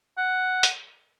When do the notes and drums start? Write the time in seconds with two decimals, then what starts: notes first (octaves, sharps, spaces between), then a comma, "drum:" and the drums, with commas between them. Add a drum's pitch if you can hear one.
0.18 F#5
0.63 drum: hi-hat